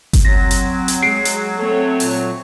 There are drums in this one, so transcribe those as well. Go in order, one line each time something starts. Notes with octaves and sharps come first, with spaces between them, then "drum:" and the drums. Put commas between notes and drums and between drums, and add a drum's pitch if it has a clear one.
drum: kick G1, hi-hat
F#3 C4 A#6
drum: hi-hat
drum: hi-hat
G#3 C7 D7
drum: hi-hat
A3 C4 A4 C#5
A#2, drum: open hi-hat